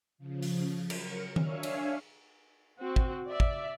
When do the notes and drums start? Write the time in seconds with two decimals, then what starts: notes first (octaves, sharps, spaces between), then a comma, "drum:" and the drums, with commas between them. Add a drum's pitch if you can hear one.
0.18 C#3 F3
0.42 drum: open hi-hat
0.90 F#3 A#4 C#7, drum: cymbal
1.36 D4 C#5 E5 F5 G#5, drum: tom D#3
1.63 drum: cymbal
2.79 C4 F#4
2.96 drum: kick
3.27 D5 E5
3.40 drum: kick